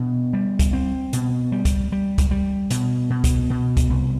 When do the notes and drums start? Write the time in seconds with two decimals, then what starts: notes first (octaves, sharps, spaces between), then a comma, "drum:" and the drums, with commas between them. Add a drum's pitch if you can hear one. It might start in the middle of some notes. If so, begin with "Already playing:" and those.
Already playing: B2 D4
0.33 G3
0.59 drum: kick, hi-hat
0.73 C4
1.13 B2, drum: hi-hat
1.52 G3
1.65 drum: kick, hi-hat
1.92 G3
2.18 drum: kick, hi-hat
2.31 G3
2.70 B2, drum: hi-hat
3.10 B2
3.24 drum: kick, hi-hat
3.50 B2
3.77 drum: kick, hi-hat
3.90 C2